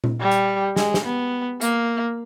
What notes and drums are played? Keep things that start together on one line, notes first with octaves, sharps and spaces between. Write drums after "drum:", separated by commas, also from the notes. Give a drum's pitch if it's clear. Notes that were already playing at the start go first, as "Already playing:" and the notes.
drum: tom A#2
G3
drum: hi-hat
G#3, drum: snare
drum: snare
B3
A#3, drum: hi-hat